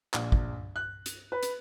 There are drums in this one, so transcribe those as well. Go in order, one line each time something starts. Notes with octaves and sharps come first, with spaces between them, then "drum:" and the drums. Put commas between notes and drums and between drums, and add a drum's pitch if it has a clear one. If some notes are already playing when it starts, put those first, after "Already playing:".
A#1, drum: clap
drum: kick
F#6
drum: hi-hat
B4
drum: hi-hat